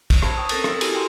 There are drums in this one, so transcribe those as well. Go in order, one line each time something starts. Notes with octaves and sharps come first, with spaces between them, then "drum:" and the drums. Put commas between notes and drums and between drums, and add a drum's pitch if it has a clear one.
drum: kick, cymbal
C5 A5 B5 G#6, drum: rim click
G5 B5 C#6 D#6
C4 C#4 A4 A#4 A6 A#6, drum: cymbal
D#6 E6, drum: rim click
E4 F#4 G4 A4 G#5 B5, drum: cymbal
A#4 G5 C6